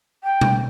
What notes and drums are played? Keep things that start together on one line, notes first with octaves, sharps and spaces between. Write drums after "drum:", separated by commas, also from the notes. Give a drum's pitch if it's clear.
G5
drum: tom B2